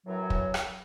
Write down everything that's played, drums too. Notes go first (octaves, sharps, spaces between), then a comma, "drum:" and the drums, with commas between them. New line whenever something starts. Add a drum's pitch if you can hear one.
F#2 A2 E3 F#3
drum: kick
drum: rim click